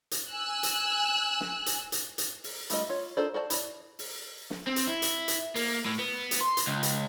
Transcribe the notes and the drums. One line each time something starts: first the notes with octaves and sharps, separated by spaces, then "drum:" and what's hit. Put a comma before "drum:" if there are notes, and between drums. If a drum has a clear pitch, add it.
drum: hi-hat
G#5 E6 F#6
drum: hi-hat
drum: snare
drum: hi-hat
drum: hi-hat
drum: hi-hat
drum: open hi-hat
G3 A3 F4 D#5, drum: hi-hat
F4 C#5
D#4 F4 A4 C5 D5
F#4 C5 D5 A5
E4 D5, drum: hi-hat
drum: open hi-hat
drum: snare
C4
drum: hi-hat
E4
drum: hi-hat
drum: hi-hat
A#3, drum: open hi-hat
A2
B3
drum: hi-hat
C6
drum: hi-hat
C#2
drum: hi-hat